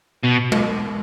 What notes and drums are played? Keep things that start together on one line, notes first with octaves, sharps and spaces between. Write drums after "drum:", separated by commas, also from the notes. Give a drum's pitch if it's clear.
B2
drum: tom G#3